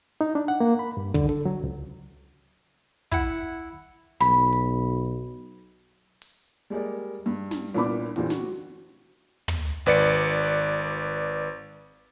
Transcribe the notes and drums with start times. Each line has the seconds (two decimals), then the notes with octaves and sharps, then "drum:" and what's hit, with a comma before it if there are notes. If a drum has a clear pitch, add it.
0.21 D#4
0.35 D4
0.48 F#5
0.60 A#3
0.79 B5
0.97 G2
1.14 D3, drum: kick
1.29 A4, drum: hi-hat
1.45 F#3
1.64 C#2
3.12 E4 F#5, drum: kick
4.21 B1 B5
4.53 drum: hi-hat
6.22 drum: open hi-hat
6.70 G3 G#3 A#3 D5
7.26 G2
7.51 drum: snare
7.74 C2 A#2 B3 D4 B5 D6
8.16 E2 A#2 D3 G3 C4, drum: hi-hat
8.30 F#4, drum: snare
9.48 drum: tom
9.86 G#1 B4 D5 C#7
10.45 drum: open hi-hat